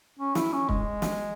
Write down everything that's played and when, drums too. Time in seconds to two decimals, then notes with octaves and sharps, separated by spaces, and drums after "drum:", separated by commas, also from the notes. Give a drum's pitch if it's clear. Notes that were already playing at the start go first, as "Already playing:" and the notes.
0.19 C#4
0.35 E4, drum: snare
0.53 C#4
0.69 G#3, drum: kick
1.02 drum: snare